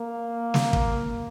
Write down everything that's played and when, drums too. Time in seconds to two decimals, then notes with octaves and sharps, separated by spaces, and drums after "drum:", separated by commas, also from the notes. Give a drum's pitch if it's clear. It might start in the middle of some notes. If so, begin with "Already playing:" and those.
Already playing: A#3
0.54 drum: snare
0.73 drum: kick